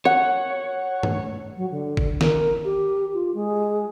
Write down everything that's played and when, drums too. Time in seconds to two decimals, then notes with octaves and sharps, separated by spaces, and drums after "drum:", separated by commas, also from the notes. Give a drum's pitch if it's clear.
0.05 C#5 F#5
1.03 drum: tom G2
1.56 F#3
1.70 D3
1.97 drum: kick G1
2.21 A#4, drum: snare
2.64 G4
3.14 F4
3.34 G#3